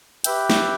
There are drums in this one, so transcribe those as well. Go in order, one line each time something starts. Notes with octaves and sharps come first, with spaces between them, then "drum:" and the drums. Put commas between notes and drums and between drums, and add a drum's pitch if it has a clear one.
G4 B4 E5 G5, drum: hi-hat
drum: snare